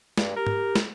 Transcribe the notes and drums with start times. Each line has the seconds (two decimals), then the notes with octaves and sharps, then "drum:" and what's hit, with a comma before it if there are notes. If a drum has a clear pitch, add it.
0.18 G2, drum: snare
0.36 G4 A#4
0.47 drum: tom G#2
0.76 drum: snare